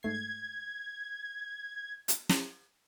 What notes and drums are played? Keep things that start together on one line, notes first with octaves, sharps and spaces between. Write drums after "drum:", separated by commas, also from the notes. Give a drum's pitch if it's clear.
G#2 A3 G#6 C7
drum: hi-hat
drum: snare